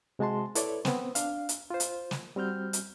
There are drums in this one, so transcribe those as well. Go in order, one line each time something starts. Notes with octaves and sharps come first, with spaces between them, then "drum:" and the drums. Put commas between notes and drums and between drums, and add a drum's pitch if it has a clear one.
C3 G#3 F#4 A5 C6
E4 A4 B4 C#5 D5, drum: hi-hat
B3 C4, drum: snare
D4 F5, drum: hi-hat
drum: hi-hat
F4 C5
drum: hi-hat
drum: snare
G3 C4 F#4 F6 G6
drum: hi-hat